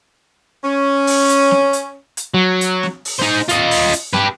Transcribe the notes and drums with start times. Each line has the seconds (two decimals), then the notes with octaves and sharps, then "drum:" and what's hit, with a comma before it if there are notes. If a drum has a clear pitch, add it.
0.63 C#4
1.07 drum: open hi-hat
1.29 drum: hi-hat
1.51 drum: snare
1.73 drum: hi-hat
2.17 drum: hi-hat
2.34 F#3
2.61 drum: hi-hat
2.83 drum: snare
3.05 drum: open hi-hat
3.20 D#4 C5
3.49 F4 D#5, drum: hi-hat
3.71 drum: open hi-hat
3.93 drum: hi-hat
4.13 G4 B4, drum: snare